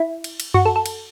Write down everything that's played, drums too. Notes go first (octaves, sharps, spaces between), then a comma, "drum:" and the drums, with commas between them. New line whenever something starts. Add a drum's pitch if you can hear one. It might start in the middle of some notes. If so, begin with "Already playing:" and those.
Already playing: E4
drum: cymbal
drum: cymbal
F#4, drum: tom F#2
A4
A4
drum: cymbal